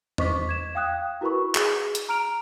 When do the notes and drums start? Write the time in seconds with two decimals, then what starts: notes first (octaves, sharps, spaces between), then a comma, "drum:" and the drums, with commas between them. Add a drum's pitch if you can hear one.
0.18 C5 D#5 C#6 D6 B6, drum: tom E2
0.49 G#6 E7
0.75 F5 G5 D#6 F#6
1.21 E4 F#4 A#4 B4 B5 C#6
1.55 G#4, drum: clap
1.95 drum: hi-hat
2.09 A#5 F6 D7 F7